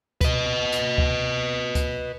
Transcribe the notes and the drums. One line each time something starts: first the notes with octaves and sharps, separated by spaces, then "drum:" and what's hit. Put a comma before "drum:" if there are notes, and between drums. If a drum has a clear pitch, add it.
B4 D#5, drum: kick C#2, hi-hat
drum: hi-hat
drum: kick C#2
drum: kick C#2, hi-hat